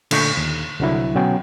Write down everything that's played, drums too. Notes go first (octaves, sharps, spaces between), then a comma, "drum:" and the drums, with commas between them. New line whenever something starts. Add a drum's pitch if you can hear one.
A#2 D3 A3 C#6 G6, drum: cymbal
D#2
C2 D3 F#3 E4
B2 F#3 B3 C#4 G5